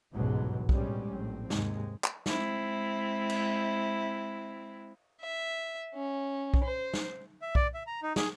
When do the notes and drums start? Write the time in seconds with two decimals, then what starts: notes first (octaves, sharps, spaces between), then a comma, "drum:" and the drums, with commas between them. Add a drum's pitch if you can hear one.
0.13 G1 C#2 G#2 B2 E3 F#3
0.69 A1 B2 G3 G#3 C4 C#4, drum: kick B1
1.09 A#1 A2 C4
1.50 D#2 G#2 C3 G#3, drum: snare
2.04 drum: clap
2.26 G#3 C4 E4, drum: snare
3.30 drum: cymbal
5.21 E5
5.95 C#4
6.54 drum: kick B1
6.64 C5
6.94 drum: snare
7.42 E5
7.55 D5, drum: kick B1
7.74 E5
7.87 A#5
8.03 D#4
8.16 G#4, drum: snare